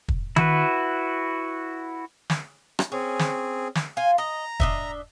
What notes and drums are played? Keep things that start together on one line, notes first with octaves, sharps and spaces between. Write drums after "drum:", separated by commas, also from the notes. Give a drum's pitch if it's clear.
drum: kick
E4 F#4 B4, drum: tom D#3
drum: snare
drum: rim click
C4 C#4 G#4
drum: snare
drum: snare
F4 G#5
D#5 A#5
D4 D#5 E5, drum: kick